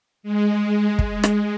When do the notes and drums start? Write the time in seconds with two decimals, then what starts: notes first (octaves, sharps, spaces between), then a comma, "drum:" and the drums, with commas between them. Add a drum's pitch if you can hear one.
0.23 G#3
0.99 G#3, drum: kick
1.23 drum: rim click